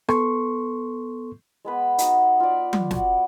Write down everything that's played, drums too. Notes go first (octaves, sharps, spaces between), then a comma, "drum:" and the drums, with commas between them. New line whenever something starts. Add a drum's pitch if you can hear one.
B3 A4 C6 C#6, drum: rim click
G#3 B3 B4
D#4 F#4, drum: hi-hat
F4 D5
drum: tom F#3
F#4, drum: snare